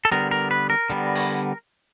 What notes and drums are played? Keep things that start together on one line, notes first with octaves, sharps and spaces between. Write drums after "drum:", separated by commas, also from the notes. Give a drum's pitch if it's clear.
A4
D3 G3 B3 A#4, drum: hi-hat
A#4
B4
A#4
D3 G3 B3, drum: hi-hat
drum: open hi-hat